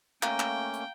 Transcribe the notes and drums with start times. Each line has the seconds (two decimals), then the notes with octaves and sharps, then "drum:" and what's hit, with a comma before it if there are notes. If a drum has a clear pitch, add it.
0.23 A3 A#3 C#4 F5 G5 A#5, drum: clap
0.40 drum: clap
0.73 drum: hi-hat